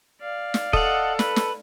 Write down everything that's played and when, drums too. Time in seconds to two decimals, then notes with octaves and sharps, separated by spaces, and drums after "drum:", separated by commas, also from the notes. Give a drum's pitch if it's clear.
0.21 D5 F5
0.54 drum: snare
0.73 A4 D#5 F#5, drum: kick
1.19 B4, drum: snare
1.36 drum: snare